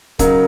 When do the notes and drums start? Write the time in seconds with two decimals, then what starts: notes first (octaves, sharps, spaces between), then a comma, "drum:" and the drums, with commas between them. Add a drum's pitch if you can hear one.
0.19 C#3 F#3 D#4 A#4, drum: kick, hi-hat